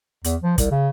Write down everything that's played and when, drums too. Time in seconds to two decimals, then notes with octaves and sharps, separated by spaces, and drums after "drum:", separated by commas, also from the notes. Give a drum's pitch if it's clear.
0.24 E2, drum: hi-hat
0.43 F3
0.58 C2, drum: kick, hi-hat
0.71 C#3